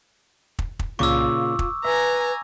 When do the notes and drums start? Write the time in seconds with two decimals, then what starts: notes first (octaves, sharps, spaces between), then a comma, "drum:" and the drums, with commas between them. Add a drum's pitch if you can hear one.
0.59 drum: kick
0.79 drum: kick
0.99 A#2 C#3 A#3 F4 C#6 D6 E6, drum: tom C2
1.59 drum: kick
1.85 B4 E5 G#5 A#5